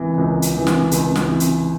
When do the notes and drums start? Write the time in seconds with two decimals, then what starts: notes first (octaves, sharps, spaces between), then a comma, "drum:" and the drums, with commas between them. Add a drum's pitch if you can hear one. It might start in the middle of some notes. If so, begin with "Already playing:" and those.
Already playing: C#2 C3 E3
0.18 C#2
0.42 drum: hi-hat
0.54 C3 E3
0.67 drum: snare
0.91 C#2, drum: hi-hat
1.16 drum: snare
1.28 C3 E3
1.40 drum: hi-hat